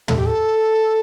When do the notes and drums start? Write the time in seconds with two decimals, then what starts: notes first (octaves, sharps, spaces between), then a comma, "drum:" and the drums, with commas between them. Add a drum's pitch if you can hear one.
0.08 A4, drum: tom
0.17 G4
0.26 A4